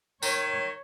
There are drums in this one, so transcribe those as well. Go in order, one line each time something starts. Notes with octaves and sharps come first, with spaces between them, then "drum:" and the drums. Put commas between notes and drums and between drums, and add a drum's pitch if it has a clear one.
D#3 C#5, drum: tambourine